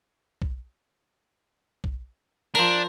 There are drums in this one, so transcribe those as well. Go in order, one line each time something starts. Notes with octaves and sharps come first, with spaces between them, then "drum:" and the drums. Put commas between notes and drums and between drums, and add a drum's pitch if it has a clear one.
drum: kick B1
drum: kick B1
F3 D4 A#4